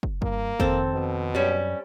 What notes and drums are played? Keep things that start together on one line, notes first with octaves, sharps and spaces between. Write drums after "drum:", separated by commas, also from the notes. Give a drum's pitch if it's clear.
drum: kick
G2 A#3, drum: kick
F2 D#3 C4 A4, drum: kick
B2
F#2 G3 C#4